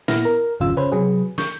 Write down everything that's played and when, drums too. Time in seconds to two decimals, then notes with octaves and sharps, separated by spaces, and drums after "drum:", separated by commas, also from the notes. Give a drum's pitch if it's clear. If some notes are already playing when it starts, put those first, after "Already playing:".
0.08 A#2 B3 E4 F6 A#6, drum: snare
0.25 A#4
0.60 G#1 F2 C#3 F4 E6
0.77 C#3 C#4 B4 C5
0.92 C3 F#3 G#4 B4
1.38 C#6 G6, drum: snare